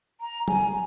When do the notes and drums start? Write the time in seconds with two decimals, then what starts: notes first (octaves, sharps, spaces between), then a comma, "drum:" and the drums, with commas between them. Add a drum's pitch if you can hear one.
0.21 A#5
0.48 G#5, drum: tom